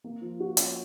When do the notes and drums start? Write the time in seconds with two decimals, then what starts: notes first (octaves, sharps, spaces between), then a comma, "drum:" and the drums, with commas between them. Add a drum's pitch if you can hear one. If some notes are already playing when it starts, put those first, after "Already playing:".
0.04 A#3
0.21 F3
0.40 F#4
0.57 C#4, drum: hi-hat